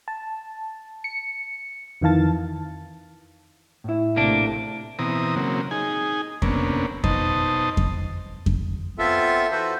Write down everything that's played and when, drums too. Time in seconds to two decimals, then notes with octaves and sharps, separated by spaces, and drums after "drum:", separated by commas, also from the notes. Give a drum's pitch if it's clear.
0.08 A5
1.04 C#7
2.01 F2 D#3 E3 F5 A5 A6
3.84 A2 E4
4.16 A#1 C3 A3 A#3 D4
4.99 B2 E3 C4 A#5 D#6
5.36 C#3 F#3 A#3 C4
5.71 D#4 G#4 G#5
6.42 C3 A#3 B3 C#4 D4, drum: kick F2
7.04 B2 D#4 C5 D#5 A5, drum: kick F2
7.77 drum: kick F2
8.46 drum: kick F2
8.99 B3 C4 F4 A4 E5
9.51 E3 F#4 A4 B4 C5